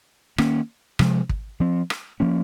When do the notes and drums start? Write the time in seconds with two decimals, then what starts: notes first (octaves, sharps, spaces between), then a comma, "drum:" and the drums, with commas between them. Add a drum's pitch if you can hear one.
0.38 D#3 A#3 C#4, drum: rim click
0.99 C3 F3 G#3, drum: rim click
1.29 drum: kick
1.60 F3 C4
1.90 drum: rim click
2.20 F3 A#3 C#4